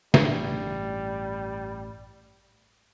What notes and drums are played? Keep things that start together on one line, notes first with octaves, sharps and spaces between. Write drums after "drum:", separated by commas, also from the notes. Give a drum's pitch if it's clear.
A1 G2 G3, drum: snare